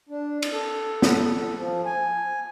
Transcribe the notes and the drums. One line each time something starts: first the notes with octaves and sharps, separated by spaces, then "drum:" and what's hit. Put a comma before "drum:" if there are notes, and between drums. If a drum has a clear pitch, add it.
D4
drum: cymbal
A4
drum: snare
F3
G#5